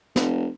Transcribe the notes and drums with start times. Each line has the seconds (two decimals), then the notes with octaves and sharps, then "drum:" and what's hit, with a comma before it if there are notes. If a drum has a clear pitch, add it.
0.16 F1, drum: snare